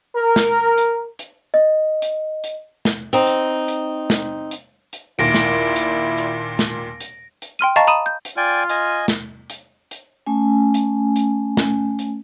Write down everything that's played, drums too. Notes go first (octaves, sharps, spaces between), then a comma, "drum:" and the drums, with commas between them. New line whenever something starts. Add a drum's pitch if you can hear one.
A#4
drum: snare
drum: hi-hat
drum: hi-hat
D#5
drum: hi-hat
drum: hi-hat
drum: snare
C4 D#4
drum: hi-hat
drum: hi-hat
drum: snare
drum: hi-hat
drum: hi-hat
D#2 A#2 E4 A#6 D7
drum: snare
drum: hi-hat
drum: hi-hat
drum: snare
drum: hi-hat
drum: hi-hat
G5 C6 F6 D#7
D#5 F5 A5 A#5 C#6 A6
A#5 B5 D#6 D#7 E7
G6
drum: hi-hat
F4 D5 G5 G#5
D#5 G#5, drum: hi-hat
drum: snare
drum: hi-hat
drum: hi-hat
A3 C#4 G#5
drum: hi-hat
drum: hi-hat
drum: snare
drum: hi-hat